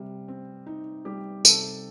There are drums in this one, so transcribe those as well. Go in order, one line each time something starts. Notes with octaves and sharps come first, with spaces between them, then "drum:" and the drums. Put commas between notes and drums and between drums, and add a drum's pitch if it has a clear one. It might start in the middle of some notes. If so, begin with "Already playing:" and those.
Already playing: C3 G3
C4
D#4
G3 G4
C3 A4, drum: tambourine